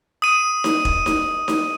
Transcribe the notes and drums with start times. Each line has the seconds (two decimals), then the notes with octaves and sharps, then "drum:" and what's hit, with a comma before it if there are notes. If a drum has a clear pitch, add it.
0.22 D#6 D#7
0.64 drum: snare D#4
0.85 drum: kick E1
1.06 drum: snare D#4
1.48 drum: snare D#4